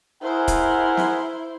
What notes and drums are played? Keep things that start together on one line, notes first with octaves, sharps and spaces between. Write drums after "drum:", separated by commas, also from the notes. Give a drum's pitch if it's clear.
E4 G#4 A#4 C5 F#5
drum: kick C#1, hi-hat
drum: snare